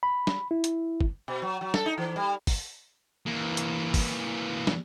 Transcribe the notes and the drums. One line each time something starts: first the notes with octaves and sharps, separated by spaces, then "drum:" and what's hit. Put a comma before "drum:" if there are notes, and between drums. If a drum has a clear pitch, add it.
B5
drum: snare
E4
drum: hi-hat
drum: kick
B2
F#3
F#3
A4, drum: snare
D#4
E3
G3
drum: kick, open hi-hat
E3 A#3
drum: hi-hat
drum: kick, open hi-hat
drum: snare